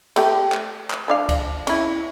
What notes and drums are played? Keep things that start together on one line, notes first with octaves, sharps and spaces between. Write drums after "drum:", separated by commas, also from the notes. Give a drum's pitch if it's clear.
A3 G4 G5, drum: cymbal
drum: clap
drum: clap
F3 D4 F5
drum: kick, cymbal
C#4 E4, drum: cymbal